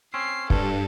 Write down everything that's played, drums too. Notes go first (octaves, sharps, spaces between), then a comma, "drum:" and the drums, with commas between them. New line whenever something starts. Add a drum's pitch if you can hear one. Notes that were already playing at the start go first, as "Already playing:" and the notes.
C4 C#4 C7
G2 A4, drum: kick